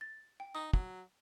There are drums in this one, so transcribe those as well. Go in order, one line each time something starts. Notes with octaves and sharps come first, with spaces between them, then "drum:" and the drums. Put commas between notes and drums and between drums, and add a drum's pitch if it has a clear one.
A6
G5
D#4 D#6
F#3, drum: kick